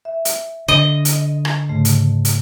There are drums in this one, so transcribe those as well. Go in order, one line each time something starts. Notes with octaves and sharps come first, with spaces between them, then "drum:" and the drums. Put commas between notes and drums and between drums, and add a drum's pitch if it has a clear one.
E5
drum: hi-hat
D3 D#5
drum: hi-hat
drum: rim click
G#2 C#3 A3
drum: hi-hat
drum: hi-hat